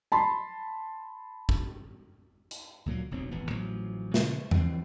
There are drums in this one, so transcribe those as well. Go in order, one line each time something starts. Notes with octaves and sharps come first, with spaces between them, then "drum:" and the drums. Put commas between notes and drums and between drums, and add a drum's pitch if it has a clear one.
A5 B5 C6
drum: kick G#1
drum: hi-hat
D2 A#2 F#3 A#3
F1 B1 F#3 C4
D#1 G#1 E2 B3
A1 A2 F3 F#3
A#2 C#3 F3 G#3, drum: snare
E3 F3 C4, drum: tom E2